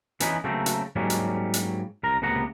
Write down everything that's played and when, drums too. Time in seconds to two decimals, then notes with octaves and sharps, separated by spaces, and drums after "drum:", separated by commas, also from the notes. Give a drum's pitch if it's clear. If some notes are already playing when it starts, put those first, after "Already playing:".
0.20 E3 B3 C#4 D#4 E4, drum: hi-hat
0.44 C#3 F#3 A3 A#3 C4
0.66 drum: hi-hat
0.96 G#2 F#3 G3 A#3 C#4
1.10 drum: hi-hat
1.54 drum: hi-hat
2.03 C2 A#4 A#5
2.22 C#2 C3 A#3 B3 F#5 A#5